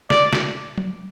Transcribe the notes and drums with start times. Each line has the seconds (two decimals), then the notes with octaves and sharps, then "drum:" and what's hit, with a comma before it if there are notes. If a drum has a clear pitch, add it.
0.10 D5, drum: snare
0.33 drum: snare
0.78 drum: tom F#3